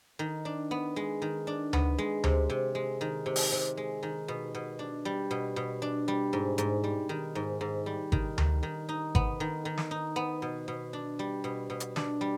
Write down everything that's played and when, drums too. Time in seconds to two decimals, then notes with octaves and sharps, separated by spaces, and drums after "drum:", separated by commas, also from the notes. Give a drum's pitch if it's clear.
0.19 D#3
0.45 D4
0.71 B3
0.96 G#3
1.22 D#3
1.47 D4
1.73 B3, drum: tom D2
1.98 G#3
2.24 C3, drum: tom D2
2.50 C3
2.75 G#3
3.01 D#3
3.26 C3
3.36 drum: open hi-hat
3.52 C3
3.77 G#3
4.03 D#3
4.28 B2
4.55 B2
4.79 D4
5.05 G3
5.31 B2
5.56 B2
5.82 D4
6.08 G3
6.33 G#2
6.58 G#2, drum: hi-hat
6.84 G3
7.09 D#3
7.35 G#2
7.61 G#2
7.86 G3
8.12 D#3, drum: kick G#1
8.38 D#3, drum: tom D2
8.63 D#3
8.89 D#4
9.15 B3, drum: kick G#1
9.40 D#3
9.65 D#3
9.78 drum: snare
9.91 D#4
10.16 B3
10.42 B2
10.68 B2
10.93 D4
11.19 G3
11.44 B2
11.70 B2
11.80 drum: hi-hat
11.96 D4, drum: snare
12.21 G3